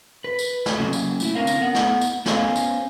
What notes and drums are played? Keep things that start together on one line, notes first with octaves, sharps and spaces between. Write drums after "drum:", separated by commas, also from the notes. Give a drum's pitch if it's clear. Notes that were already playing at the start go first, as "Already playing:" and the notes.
B4
drum: tambourine
drum: snare
C#3 F#3 A#3 C#4
drum: tambourine
A3 E4, drum: tambourine
D3 C4 C#4 A#4 F5
drum: tambourine
B3 F#5
drum: snare
drum: tambourine
B3 C#4 C5 F5 G#5, drum: snare
drum: tambourine